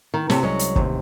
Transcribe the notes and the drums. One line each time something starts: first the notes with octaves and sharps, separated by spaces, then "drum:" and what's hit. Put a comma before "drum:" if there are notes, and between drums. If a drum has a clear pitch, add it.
D#3
C3 C4 A4 C#5 G5, drum: snare
C2 F#3 G#3 C#4
drum: hi-hat
A1 D#2 C3, drum: kick